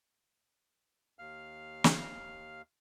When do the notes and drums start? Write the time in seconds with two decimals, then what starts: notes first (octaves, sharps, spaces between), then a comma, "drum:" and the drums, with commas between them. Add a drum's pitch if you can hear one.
1.19 D#2 F5 F6
1.84 drum: snare